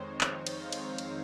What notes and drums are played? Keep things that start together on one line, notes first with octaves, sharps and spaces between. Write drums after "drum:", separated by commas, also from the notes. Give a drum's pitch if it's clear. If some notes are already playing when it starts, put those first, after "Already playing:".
Already playing: F2 D#3 G#3 C4 D#4 C5 C#5
C#5, drum: clap
drum: cymbal
F5
drum: cymbal
drum: cymbal